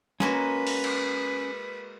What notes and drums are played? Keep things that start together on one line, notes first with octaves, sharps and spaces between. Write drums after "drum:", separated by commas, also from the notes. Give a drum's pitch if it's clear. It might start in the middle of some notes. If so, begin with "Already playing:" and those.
G#3 A#3 C#4 F#4 B4, drum: snare
drum: open hi-hat
drum: cymbal